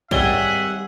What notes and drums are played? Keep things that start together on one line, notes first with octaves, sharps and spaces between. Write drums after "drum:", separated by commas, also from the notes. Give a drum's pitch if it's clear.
G#1 G3 G#4 C#5 E5 F#5 G7, drum: kick A#1